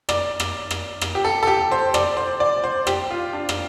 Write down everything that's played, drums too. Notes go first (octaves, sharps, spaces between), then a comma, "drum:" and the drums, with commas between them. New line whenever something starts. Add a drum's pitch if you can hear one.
D5, drum: rim click
drum: rim click
drum: rim click
drum: rim click
G4
A4
A4
G4
C5
D5, drum: rim click
C5
D5
C5
G4, drum: rim click
F4
D4
drum: rim click